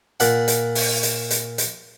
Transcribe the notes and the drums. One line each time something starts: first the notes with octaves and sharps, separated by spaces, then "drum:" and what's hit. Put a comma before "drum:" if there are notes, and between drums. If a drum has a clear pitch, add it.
A#2 F#5, drum: hi-hat
drum: hi-hat
drum: open hi-hat
drum: hi-hat
drum: hi-hat
drum: hi-hat